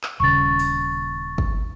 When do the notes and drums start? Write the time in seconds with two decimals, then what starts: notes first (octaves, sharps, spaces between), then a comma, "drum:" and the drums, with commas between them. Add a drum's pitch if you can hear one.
0.03 drum: clap
0.20 D#1 C#3 C#6 A6
0.59 drum: open hi-hat
1.38 drum: kick